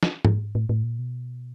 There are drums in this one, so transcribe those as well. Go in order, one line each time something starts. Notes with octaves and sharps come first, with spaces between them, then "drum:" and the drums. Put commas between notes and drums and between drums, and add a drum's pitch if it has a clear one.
drum: snare
G#2, drum: tom G#2
A2
A2
A#2
B2